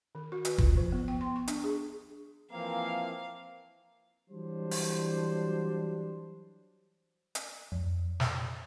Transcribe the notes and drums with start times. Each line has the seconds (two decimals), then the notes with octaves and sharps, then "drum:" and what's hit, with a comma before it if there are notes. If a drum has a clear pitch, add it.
0.15 D#3
0.32 F#4
0.45 B4, drum: hi-hat
0.58 F4, drum: kick
0.77 F3
0.92 B3
1.08 G5
1.21 C6
1.36 C#6
1.48 D4, drum: hi-hat
1.64 G#4
2.51 E3 F3 A#3 C4 F5
4.29 E3 F#3 G3 D4 C5
4.71 drum: open hi-hat
7.35 drum: hi-hat
7.72 F2
8.20 drum: snare